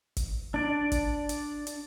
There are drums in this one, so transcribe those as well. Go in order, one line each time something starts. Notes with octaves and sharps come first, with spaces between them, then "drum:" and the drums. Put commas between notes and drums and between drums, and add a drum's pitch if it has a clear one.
drum: kick G1, hi-hat
D4 D5
drum: kick G1, hi-hat
drum: hi-hat
drum: hi-hat